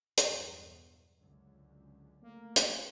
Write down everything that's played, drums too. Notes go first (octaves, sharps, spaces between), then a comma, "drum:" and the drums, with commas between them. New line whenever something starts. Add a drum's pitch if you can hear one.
B1 E2 G2, drum: hi-hat
C#2 F#2 D3
A3 A#3
drum: hi-hat